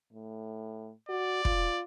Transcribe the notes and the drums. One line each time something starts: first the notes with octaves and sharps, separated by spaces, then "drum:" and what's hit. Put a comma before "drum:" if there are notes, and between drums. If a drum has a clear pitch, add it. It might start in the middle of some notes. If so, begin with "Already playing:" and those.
A2
F#4 D5
F4, drum: kick